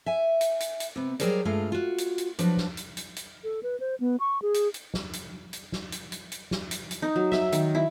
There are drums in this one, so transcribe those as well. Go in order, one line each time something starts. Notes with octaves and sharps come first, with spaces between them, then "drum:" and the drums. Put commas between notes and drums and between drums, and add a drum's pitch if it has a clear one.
E5 G#5
drum: hi-hat
drum: hi-hat
drum: hi-hat
C3 B3
F#3 G3 G#4 A#4 C5 D5, drum: hi-hat
G2 G#3 A3 F4 F5 A#5
F4 F#4
drum: hi-hat
drum: hi-hat
F3 F#3 D4 F#4 B4, drum: hi-hat
drum: snare
drum: hi-hat
drum: hi-hat
drum: hi-hat
A4
B4
C5
B3
C#6
G#4
drum: hi-hat
drum: hi-hat
drum: snare
drum: hi-hat
drum: hi-hat
drum: snare
drum: hi-hat
drum: hi-hat
drum: hi-hat
drum: snare
drum: hi-hat
drum: hi-hat
D#4
F#3
E5, drum: snare
D#3, drum: hi-hat
E4